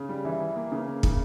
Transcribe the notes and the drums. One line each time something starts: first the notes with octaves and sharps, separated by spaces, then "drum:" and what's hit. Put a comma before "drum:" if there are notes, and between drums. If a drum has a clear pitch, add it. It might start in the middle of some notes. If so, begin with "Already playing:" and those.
Already playing: C#3
G3
E3 E5
E3
A#3
C#3
A#3
C#3, drum: kick